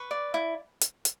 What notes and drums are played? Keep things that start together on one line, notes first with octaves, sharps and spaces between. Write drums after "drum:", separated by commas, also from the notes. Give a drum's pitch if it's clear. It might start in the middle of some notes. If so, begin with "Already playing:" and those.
Already playing: B4 C#6
D5
E4
drum: hi-hat
drum: hi-hat